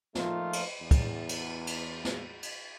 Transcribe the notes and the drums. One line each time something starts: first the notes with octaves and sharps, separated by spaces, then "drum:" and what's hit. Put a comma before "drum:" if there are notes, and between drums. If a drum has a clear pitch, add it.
F3 A3 A#3 D#4 F4, drum: snare
drum: cymbal
E2
drum: kick, cymbal
drum: cymbal
drum: cymbal
drum: snare
drum: cymbal